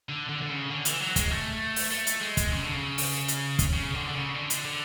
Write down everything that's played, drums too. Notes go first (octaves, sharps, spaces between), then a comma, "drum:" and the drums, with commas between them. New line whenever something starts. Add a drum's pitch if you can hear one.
D3
D3
D3
C#3
D3
E3, drum: hi-hat
F#3
G#3, drum: kick, hi-hat
A3
drum: open hi-hat
A3
drum: hi-hat
G#3
drum: kick, hi-hat
C#3
D3
C#3
drum: open hi-hat
drum: hi-hat
drum: kick, hi-hat
C#3
D3
D3
C#3
D3
drum: hi-hat
D3